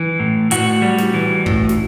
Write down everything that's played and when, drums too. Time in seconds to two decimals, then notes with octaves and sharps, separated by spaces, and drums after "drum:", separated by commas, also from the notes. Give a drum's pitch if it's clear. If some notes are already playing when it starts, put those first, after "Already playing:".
Already playing: E3
0.20 A2
0.51 A2 F#4, drum: hi-hat
0.82 G3
0.98 drum: snare
1.14 E3
1.46 A2, drum: kick
1.69 drum: snare